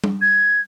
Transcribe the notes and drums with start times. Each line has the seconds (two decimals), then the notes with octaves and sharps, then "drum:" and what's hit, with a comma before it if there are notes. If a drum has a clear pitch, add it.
0.04 drum: tom G3
0.22 G#6